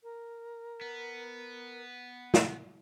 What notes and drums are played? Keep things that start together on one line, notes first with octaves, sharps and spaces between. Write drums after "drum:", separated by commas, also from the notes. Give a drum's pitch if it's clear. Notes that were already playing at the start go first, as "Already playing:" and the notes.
A#4
B3
drum: snare